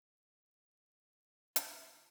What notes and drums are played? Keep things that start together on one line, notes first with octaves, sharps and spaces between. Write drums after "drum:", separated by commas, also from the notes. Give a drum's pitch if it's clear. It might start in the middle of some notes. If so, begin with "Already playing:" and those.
C#3 F4, drum: hi-hat